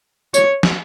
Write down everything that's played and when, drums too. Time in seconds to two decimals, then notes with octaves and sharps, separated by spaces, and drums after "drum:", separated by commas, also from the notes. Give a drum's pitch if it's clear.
0.34 C#5, drum: tambourine
0.63 drum: snare